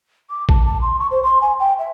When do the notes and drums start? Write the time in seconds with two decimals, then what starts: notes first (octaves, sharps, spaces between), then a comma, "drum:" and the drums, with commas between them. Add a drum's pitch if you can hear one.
0.29 D6
0.49 A5, drum: kick A#1
0.66 A5
0.81 C6
0.99 C#6
1.11 C5
1.23 C6
1.41 G#5
1.59 G5
1.78 E5